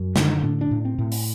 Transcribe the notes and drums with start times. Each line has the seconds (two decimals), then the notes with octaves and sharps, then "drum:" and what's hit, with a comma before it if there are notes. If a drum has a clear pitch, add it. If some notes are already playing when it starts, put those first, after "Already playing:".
Already playing: F#2
0.16 D3 D#3, drum: snare
0.43 A2 D4
0.61 D4
0.71 A2
0.85 C4
0.98 A2
1.12 drum: open hi-hat